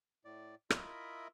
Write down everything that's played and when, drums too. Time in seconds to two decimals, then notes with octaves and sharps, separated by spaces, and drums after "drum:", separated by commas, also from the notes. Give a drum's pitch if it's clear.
0.25 A2 D5
0.70 E4 F4 A#4 D#5 E5 B5, drum: rim click